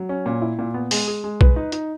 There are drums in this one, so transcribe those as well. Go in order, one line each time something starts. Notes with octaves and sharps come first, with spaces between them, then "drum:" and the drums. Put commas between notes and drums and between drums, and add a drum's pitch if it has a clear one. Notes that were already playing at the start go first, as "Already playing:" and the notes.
Already playing: F#3
C#4
A#2
E4
A#2
B3
G#3, drum: open hi-hat
G#4
G#3
B4, drum: kick B1
D#4
D#4, drum: hi-hat